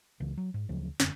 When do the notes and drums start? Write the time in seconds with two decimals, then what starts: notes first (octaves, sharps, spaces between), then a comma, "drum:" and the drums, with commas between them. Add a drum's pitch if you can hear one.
0.20 C#2 C#3 E3
0.37 F#3
0.54 G#2
0.69 D2 C#3 F3 F#3
1.00 E1 F#2 D3 C4, drum: snare